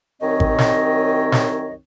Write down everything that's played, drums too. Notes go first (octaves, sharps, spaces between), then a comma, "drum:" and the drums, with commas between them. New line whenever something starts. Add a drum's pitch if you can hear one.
C2 F#2 D#3 C4 C#5 D#5
drum: kick
drum: snare
drum: snare